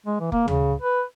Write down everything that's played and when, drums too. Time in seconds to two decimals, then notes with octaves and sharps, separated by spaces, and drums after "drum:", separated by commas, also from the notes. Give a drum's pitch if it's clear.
0.06 G#3
0.20 E3
0.32 A#3, drum: kick F1
0.48 C#3, drum: tom
0.81 B4